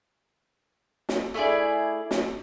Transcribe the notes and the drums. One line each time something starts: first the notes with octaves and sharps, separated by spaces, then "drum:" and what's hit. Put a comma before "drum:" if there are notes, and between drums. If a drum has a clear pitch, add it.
drum: snare
A3 E4 G#4 D5
drum: snare